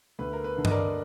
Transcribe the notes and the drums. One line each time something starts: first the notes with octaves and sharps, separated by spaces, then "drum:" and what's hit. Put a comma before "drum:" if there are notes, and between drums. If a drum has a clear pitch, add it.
D2 B4
A#4
B4
D3
D#5, drum: tom G2
A#4 D5